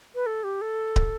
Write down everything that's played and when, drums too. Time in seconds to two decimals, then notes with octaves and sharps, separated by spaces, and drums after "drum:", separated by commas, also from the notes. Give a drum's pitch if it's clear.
0.15 B4
0.26 A4
0.44 G4
0.61 A4
0.96 drum: kick